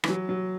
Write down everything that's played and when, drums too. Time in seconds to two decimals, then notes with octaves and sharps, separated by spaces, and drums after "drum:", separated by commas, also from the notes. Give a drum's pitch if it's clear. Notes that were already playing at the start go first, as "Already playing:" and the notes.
0.04 E3, drum: rim click
0.08 F#3
0.29 F#3